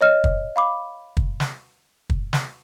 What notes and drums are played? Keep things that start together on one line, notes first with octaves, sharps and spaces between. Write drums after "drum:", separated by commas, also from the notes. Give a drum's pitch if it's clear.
C#5 D#5 F6
drum: kick
F5 B5 D6
drum: kick
drum: snare
drum: kick
drum: snare